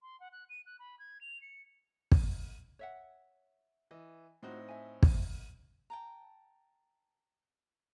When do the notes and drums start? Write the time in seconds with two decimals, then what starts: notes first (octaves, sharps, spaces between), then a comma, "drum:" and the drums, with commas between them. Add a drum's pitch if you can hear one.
0.02 C6
0.20 F#5
0.32 F#6
0.50 D#7
0.66 F#6
0.79 B5
0.99 G#6
1.21 F7
1.42 C#7
2.12 drum: kick
2.79 C#5 E5 F#5
3.91 E3 D#5
4.43 A2 C4 D#4 F4 F#4
4.69 E5 G#5
5.03 drum: kick
5.90 G5 A5 A#5